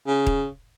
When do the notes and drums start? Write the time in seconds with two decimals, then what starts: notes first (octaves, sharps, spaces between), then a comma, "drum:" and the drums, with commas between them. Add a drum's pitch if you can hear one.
0.07 C#3
0.27 drum: kick D#1